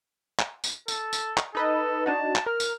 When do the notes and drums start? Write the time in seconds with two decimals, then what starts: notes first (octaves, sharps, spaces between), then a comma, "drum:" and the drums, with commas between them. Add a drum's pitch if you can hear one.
0.39 drum: clap
0.64 drum: tambourine
0.88 A4, drum: tambourine
1.13 drum: tambourine
1.37 drum: clap
1.55 D#4 A4 B4 D#5
2.06 D4 D#4 F#4 A5
2.35 drum: clap
2.46 A#4 F6
2.60 drum: tambourine